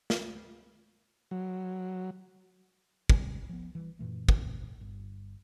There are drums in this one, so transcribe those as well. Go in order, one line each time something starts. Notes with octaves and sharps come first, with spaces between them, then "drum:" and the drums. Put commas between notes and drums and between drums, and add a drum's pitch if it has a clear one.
drum: snare
F#3
C#2 C3 G3, drum: kick
F3 B3
E3 G3
F#2 A#2 E3 A3
drum: kick
G1